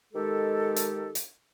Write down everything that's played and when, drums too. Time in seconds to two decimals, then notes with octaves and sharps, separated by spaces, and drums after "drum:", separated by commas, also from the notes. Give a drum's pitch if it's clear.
0.13 D#3 G#3 G4 A4
0.76 drum: hi-hat
1.15 drum: hi-hat